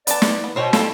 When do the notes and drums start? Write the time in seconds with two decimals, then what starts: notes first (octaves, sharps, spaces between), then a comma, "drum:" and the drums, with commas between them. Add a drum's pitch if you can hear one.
0.07 B3 D5 A5, drum: hi-hat
0.22 drum: snare
0.44 B3
0.56 B2 C5 C#5 G5
0.73 G3 F4 A4, drum: snare